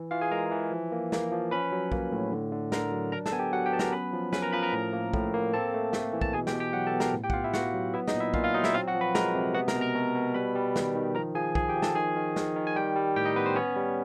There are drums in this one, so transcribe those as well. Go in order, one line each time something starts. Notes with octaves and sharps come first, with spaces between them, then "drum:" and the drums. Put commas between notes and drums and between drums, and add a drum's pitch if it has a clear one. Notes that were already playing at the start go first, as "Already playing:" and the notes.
Already playing: E3
E3 F4 F5
G#4 G#5
G#3 A#4 A#5
E3
F3
A#3
A#3, drum: snare
F3
C#4 B4 B5
F#3
A#3, drum: kick
A2
D3
D3
D3 A#4 A#5, drum: snare
F#3
D4 A#4 A#5
A4 A5, drum: snare
B3 G#5
G4 G5
F#3 F#4 F#5
G4 G5
B3 A5
A#4 A#5, drum: snare
C#4 B4 B5
F3
C#4 B4 B5, drum: snare
A#4 A#5
F3 B4 B5
A#4 A#5
A2
A#3
A2, drum: kick
A#3
C4 A4 A5
A3
A3, drum: snare
E3
A5, drum: kick
B2 G#4 G#5
G4 G5, drum: snare
B2
G4 G5
F#3 F#4 F#5
A4 A5
B3
A#4 A#5, drum: snare
A2
G4 G5
F#5, drum: kick
B3 F4 F5
E4 E5
B3 F#4 F#5, drum: snare
F#3
B3 E4 E5
D#4 D#5, drum: snare
A#2
E4 E5
A#2 F4 F5, drum: kick
F4 F5
F#3 D#4 D#5
E4 E5, drum: snare
C4 F4 F5
F#4 F#5
F3
B4 B5
G#3 A#4 A#5, drum: snare
C3
B3 F#4 F#5
A#4 A#5, drum: snare
B2
A#4 A#5
B2
B2
G3 B4 B5
G3
D#3, drum: snare
D#3
F3 A#4 A#5
F3 G#4 G#5
F3 G#4 G#5, drum: kick
G4 G5
F3
A4 A5, drum: snare
D#3 G#4 G#5
D#3
D#3, drum: snare
D#3
G#5
G3 G4 G5
G3
A2 G4 G5
D#4 D#5
B3 B4
C5
B3 C#4 C#5
G3